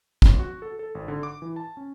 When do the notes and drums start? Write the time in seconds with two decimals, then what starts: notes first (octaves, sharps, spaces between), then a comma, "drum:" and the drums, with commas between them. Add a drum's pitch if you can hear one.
0.22 G1, drum: kick
0.39 F#4
0.62 A4
0.79 A4
0.95 G#1
1.08 D3
1.23 D6
1.42 E3
1.56 A5
1.77 C#4